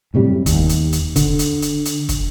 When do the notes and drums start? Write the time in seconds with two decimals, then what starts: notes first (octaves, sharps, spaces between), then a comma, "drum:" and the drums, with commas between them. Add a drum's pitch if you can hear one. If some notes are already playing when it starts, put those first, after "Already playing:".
0.14 F#2 A2 C3 G3
0.46 D#2, drum: kick, hi-hat
0.69 drum: hi-hat
0.92 drum: hi-hat
1.16 D3, drum: kick, hi-hat
1.39 drum: hi-hat
1.62 drum: hi-hat
1.85 drum: hi-hat
2.09 drum: kick, hi-hat